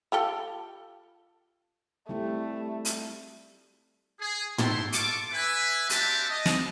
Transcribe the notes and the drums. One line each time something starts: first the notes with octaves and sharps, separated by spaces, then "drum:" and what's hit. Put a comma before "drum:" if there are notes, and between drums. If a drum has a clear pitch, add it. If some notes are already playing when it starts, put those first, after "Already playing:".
F4 G4 A4
G3 A3 C4 E4
drum: hi-hat
G#4
A3 E4 A5 C6, drum: tom
F4 A4 C#6 D6, drum: hi-hat
B4 E5 G#5
C4 D4 F#4 G4 E5 A5, drum: hi-hat
D#5
drum: snare